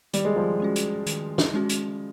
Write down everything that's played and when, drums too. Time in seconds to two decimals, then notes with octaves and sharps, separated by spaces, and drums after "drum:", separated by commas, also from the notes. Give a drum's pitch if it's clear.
0.14 D#3 G3, drum: hi-hat
0.25 G#3
0.36 F3 G3
0.60 G#3 C#4 F#4
0.76 drum: hi-hat
1.07 D#3, drum: hi-hat
1.38 drum: snare
1.54 G#3 C#4 F#4
1.69 drum: hi-hat